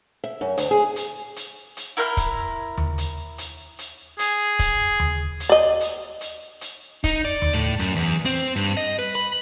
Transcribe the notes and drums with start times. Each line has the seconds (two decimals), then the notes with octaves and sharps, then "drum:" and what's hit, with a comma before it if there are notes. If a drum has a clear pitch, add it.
0.24 E5
0.41 F#2
0.58 D2, drum: hi-hat
0.71 G#4
0.96 drum: hi-hat
1.36 drum: hi-hat
1.77 drum: hi-hat
1.97 E4 A#4 C6 F6
2.17 drum: kick, hi-hat
2.78 drum: tom D#2
2.98 drum: hi-hat
3.38 drum: hi-hat
3.79 drum: hi-hat
4.19 G#4, drum: hi-hat
4.59 drum: kick, hi-hat
5.00 drum: tom D#2
5.40 drum: hi-hat
5.49 D5 D#5
5.80 drum: hi-hat
6.21 drum: hi-hat
6.61 drum: hi-hat
7.04 D#4, drum: kick, hi-hat
7.25 D5
7.42 drum: tom D#2
7.53 A2
7.79 F#2, drum: hi-hat
7.96 E2
8.25 C4, drum: hi-hat
8.56 G2
8.77 D#5
8.99 B4
9.15 B5